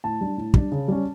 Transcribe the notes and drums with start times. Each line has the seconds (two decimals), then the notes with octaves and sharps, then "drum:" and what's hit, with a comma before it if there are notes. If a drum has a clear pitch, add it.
0.04 A2 A5
0.21 G3 D4
0.37 A2
0.54 G3 D4, drum: kick
0.72 C#3
0.88 G3 C#4